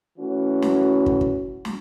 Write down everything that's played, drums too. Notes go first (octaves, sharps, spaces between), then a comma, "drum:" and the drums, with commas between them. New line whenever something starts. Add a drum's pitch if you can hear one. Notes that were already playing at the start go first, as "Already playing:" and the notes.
E3 A3 C#4 F#4
drum: snare
drum: kick
drum: kick
drum: snare